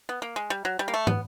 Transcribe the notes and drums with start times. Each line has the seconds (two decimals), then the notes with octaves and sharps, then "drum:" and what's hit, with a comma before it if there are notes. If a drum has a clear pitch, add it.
0.09 B3
0.22 A#3
0.36 G#3
0.50 G3
0.65 F#3
0.79 G3
0.88 A#3
0.94 A3
1.07 B3, drum: tom